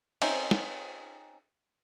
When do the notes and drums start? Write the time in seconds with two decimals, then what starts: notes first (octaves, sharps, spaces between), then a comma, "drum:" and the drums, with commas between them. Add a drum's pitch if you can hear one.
0.22 C4 C#4 D#4 C5 E5, drum: cymbal
0.51 drum: snare